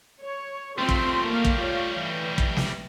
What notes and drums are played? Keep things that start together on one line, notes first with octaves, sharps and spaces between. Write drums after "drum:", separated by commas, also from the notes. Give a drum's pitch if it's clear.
C#5
G3 A3 C4 F4 C6
drum: kick
A#3 F5
drum: kick
F4 C#5 F5
E3
drum: kick
drum: snare